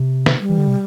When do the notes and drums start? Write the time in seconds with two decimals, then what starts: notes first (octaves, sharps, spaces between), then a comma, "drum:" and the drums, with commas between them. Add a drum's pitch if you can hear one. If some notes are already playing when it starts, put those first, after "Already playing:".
Already playing: C3
0.26 drum: snare
0.40 G3
0.49 E3
0.58 D3
0.68 C3